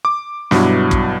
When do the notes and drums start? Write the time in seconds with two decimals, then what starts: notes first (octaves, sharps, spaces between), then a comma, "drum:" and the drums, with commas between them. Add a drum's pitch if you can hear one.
0.05 D6
0.51 G2 B2 F#3 E4, drum: snare
0.91 drum: kick